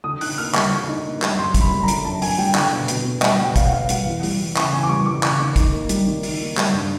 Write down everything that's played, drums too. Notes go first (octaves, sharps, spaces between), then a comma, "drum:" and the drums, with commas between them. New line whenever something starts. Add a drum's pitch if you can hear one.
D3 D#6
D#4 F#6, drum: open hi-hat
A#3 F6
G3 C#6, drum: clap
D3
D#4
A#3
G3, drum: clap
F#2 C6
F#2, drum: kick, hi-hat
B5
G3
A#5
D3, drum: hi-hat
F#2 A5
F#2 G#5, drum: open hi-hat
G3 G5
D3 G5, drum: clap
B2
B2, drum: hi-hat
B3
G3, drum: clap
G5
B2 F#5
B2 F5, drum: kick, hi-hat
F#5
B3 F5
G3 F#5, drum: hi-hat
E2
G3, drum: open hi-hat
E3
C#3, drum: clap
E2 G#5
D6
G3 C#6
E3 D6
C#3 C#6, drum: clap
D#3 D6
D#4, drum: kick, hi-hat
A#3
G3, drum: hi-hat
D#3
D#4, drum: open hi-hat
A#3
G3, drum: clap
G2